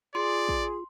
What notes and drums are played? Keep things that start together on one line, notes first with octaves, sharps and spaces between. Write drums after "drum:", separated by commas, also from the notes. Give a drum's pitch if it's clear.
F4 G#4 D5 C6
drum: kick